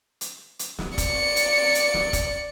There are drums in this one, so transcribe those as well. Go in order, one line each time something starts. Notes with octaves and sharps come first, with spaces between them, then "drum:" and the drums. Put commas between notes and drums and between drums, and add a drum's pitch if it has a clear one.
drum: hi-hat
drum: hi-hat
drum: snare
D5 C#7, drum: kick, hi-hat
drum: hi-hat
drum: hi-hat
drum: snare
drum: kick, hi-hat